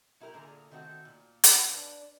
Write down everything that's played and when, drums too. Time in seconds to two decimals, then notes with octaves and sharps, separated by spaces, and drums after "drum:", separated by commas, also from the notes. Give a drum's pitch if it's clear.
0.20 F#3 E4 G4 A#4
0.34 A#2 D3 G#4 A#5
0.71 D#3 A3 C4 F#4 A4
1.05 A#2
1.44 drum: hi-hat
1.71 D4 B4 D5 A5